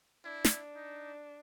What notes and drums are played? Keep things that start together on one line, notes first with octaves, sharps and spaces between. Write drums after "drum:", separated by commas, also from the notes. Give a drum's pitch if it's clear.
D4 E4
drum: snare
D#4